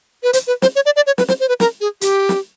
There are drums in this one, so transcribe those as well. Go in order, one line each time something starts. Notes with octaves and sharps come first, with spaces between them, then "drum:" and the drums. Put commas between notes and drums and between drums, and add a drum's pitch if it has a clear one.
B4
C5, drum: hi-hat
B4
C5, drum: snare
C#5
D5
D5
C#5
B4, drum: snare
C5, drum: snare
C5
B4
A#4, drum: snare
G#4
G4, drum: hi-hat
drum: snare